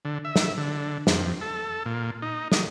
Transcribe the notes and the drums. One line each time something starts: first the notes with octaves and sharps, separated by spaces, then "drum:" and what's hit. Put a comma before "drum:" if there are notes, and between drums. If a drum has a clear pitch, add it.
D3
E5
drum: snare
D3
F2, drum: snare
A4
A#2
D#4
D#5, drum: snare